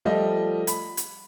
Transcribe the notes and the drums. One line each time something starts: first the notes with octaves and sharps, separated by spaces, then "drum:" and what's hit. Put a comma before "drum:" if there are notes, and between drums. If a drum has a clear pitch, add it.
F3 G3 A3 F4 G4 D#5
B5, drum: hi-hat
drum: hi-hat